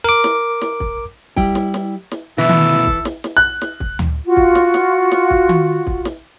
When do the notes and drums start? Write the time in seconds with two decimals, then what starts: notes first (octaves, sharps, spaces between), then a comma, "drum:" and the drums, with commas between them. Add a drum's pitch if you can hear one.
0.04 A#4 D6
0.24 drum: snare
0.61 drum: snare
0.80 drum: kick
1.36 G3 E4 G5, drum: kick
1.55 drum: snare
1.74 drum: snare
2.11 drum: snare
2.38 D2 B2 E3 E4 A4
2.49 drum: tom D#3
2.87 drum: kick
3.05 drum: snare
3.24 drum: snare
3.37 F#6
3.62 drum: snare
3.80 drum: kick
3.99 drum: tom D2
4.25 F4 F#4
4.37 drum: kick
4.55 drum: snare
4.74 drum: snare
5.12 drum: snare
5.30 drum: kick
5.49 drum: tom D#3
5.87 drum: kick
6.05 drum: snare